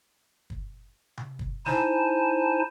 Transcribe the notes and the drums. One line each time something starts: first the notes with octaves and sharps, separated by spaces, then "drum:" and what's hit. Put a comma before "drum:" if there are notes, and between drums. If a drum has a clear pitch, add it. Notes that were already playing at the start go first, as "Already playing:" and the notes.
drum: kick
drum: tom C3
drum: kick
D#4 E4 C5 G#5 A5, drum: snare